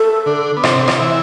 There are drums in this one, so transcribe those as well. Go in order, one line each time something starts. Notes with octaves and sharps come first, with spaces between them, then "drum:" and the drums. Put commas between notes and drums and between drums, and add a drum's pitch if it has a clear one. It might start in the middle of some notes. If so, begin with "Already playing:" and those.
Already playing: A4
D3 D4
B3
C3 C4, drum: rim click
drum: rim click
E3 E4